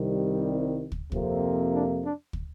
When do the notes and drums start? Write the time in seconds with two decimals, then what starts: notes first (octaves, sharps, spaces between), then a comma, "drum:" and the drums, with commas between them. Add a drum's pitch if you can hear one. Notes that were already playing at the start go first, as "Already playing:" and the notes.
Already playing: C2 C3 D#3 G3
0.92 drum: kick
1.12 F2 C3 F3 A#3, drum: kick
1.72 D4
2.03 D4
2.33 drum: kick